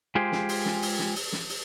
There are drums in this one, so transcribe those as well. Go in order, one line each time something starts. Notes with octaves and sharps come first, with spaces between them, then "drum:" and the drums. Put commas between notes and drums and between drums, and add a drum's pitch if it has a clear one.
G#3 F4 G4 G#4 C5
drum: snare
drum: open hi-hat
drum: snare
drum: open hi-hat
drum: snare
drum: open hi-hat
drum: snare
drum: open hi-hat